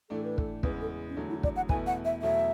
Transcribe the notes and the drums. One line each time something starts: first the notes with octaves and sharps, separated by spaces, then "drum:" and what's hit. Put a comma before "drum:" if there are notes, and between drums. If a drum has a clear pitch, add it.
A2 E3 A3 D4 A4
B4
A4, drum: kick
E2 C#3 G#3 B3 B4, drum: kick
A4
C#4
E2 D3 F#3 A3 D4
E4
D5, drum: kick
F#5
E2 B2 A3 E4 B4 G#5, drum: kick
F#5
E5
E2 B2 F#3 A3 E5